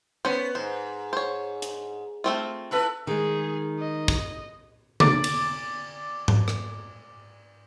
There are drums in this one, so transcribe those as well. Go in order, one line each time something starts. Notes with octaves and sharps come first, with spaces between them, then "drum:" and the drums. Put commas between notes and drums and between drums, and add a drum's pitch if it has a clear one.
B3 C#4 C5
G#2 C5
C5 C#5
drum: hi-hat
A3 C4 F4
E4 A4 B4
D#3 G#3 G#4
D#5
drum: kick
D5 D6, drum: tom C#3
drum: cymbal
drum: tom G#2
drum: rim click